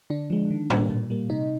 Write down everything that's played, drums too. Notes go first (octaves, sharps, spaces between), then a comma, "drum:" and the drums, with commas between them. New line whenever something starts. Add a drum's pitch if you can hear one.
D3 D4
F3 G#3
D#3
G3 A#3, drum: tom
A#2
G3 A#3
C3 D#4